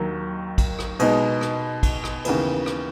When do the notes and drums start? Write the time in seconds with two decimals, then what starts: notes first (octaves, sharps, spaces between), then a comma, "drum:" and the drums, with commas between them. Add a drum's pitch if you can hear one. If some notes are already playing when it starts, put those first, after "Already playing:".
Already playing: D#2 D#3 F#3
0.58 drum: kick, cymbal
0.79 drum: rim click
0.99 B2 G#3 B3 D#4, drum: cymbal
1.41 drum: rim click
1.83 drum: kick, cymbal
2.04 drum: rim click
2.25 D#2 C#3 E3 B3, drum: cymbal
2.66 drum: rim click